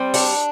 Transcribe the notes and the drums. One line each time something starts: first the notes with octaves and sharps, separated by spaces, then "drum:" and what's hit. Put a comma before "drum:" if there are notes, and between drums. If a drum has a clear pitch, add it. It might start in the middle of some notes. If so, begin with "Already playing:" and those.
Already playing: G3 C4
D4, drum: open hi-hat